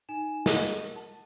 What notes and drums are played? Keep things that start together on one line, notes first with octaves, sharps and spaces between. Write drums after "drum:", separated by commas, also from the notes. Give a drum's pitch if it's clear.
D#4 G#5 E7
A#4 D#5 F#5, drum: snare
A5